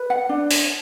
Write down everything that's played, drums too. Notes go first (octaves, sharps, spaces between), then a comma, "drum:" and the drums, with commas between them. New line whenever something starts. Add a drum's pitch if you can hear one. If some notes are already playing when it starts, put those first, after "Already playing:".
Already playing: B4
F#5
D4
drum: open hi-hat